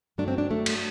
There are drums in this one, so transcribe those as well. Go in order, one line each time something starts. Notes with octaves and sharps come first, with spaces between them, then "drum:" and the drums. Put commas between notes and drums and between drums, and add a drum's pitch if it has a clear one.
G2 F#3 A3 D4
C4
D4
A3
drum: cymbal